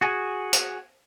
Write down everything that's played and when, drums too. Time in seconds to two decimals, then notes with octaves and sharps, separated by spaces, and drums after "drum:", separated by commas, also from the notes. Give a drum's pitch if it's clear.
0.01 F#4 G#4 G#5
0.53 drum: hi-hat